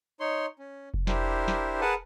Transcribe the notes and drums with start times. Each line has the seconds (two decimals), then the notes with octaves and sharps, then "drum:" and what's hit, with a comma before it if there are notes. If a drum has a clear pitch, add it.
0.20 D#4 C#5 C6
0.59 C#4
0.94 drum: kick F1
1.07 D4 E4 G4 A#4 C5, drum: snare
1.48 drum: snare
1.81 G#4 A#4 B4 F#5 A5